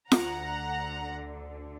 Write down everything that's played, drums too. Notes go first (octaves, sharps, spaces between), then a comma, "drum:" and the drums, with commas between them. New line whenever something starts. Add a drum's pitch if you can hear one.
D2 D3 F#5 A#5, drum: snare